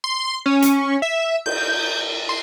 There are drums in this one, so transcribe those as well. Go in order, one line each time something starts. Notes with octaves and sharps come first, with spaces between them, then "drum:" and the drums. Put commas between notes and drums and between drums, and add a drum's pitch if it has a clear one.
C6
C#4
drum: hi-hat
E5
G6, drum: cymbal
C6